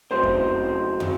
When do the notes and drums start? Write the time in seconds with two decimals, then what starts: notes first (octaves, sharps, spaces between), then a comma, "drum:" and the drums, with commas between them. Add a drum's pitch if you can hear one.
0.11 C#3 F#3 A3 C4 C5
0.23 drum: kick F2
1.00 C#3 F#3, drum: tom